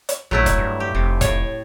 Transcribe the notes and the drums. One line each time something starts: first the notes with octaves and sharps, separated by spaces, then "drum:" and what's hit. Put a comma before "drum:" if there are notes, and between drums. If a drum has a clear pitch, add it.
drum: hi-hat
A#1 F#3 A3 E4
drum: kick E1, hi-hat
G2
G4
F1 C3
A2 C#5, drum: kick E1, hi-hat